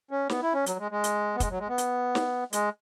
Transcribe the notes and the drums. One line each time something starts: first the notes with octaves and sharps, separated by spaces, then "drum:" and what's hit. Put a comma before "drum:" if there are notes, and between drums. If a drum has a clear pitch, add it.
C#4
B3, drum: snare
E4
C#4
F#3, drum: hi-hat
G#3
G#3
drum: hi-hat
B3
G#3, drum: kick, hi-hat
F#3
G#3
B3
drum: hi-hat
drum: snare
G#3, drum: hi-hat